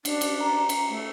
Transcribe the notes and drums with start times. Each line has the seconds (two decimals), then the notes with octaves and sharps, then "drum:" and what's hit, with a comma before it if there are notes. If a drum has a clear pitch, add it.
0.05 D4, drum: cymbal
0.21 drum: cymbal
0.40 A#5
0.69 drum: cymbal
0.89 A3